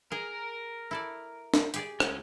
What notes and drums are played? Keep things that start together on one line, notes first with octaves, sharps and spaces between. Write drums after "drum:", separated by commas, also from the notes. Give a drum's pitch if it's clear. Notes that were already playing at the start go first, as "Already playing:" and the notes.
G#4 A#4 D#5
E4 A4 D5
drum: snare
G4 G#4 D5, drum: hi-hat
C#2 C#4, drum: rim click